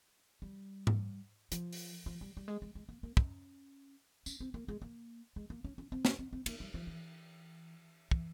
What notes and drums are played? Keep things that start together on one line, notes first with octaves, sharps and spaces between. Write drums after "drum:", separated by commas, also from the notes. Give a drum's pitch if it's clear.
G3
drum: tom G#2
F3, drum: hi-hat
drum: open hi-hat
F3
G3
G3
G#3
G#3
G#3
A#3
A#3
C#4, drum: kick
C#4, drum: tambourine
C4
A#3
G#3
A#3
G#3
A#3
C#4
C#4
C4
C#4, drum: snare
C4
C4
A#3, drum: cymbal
G3
F3
E3
E3, drum: kick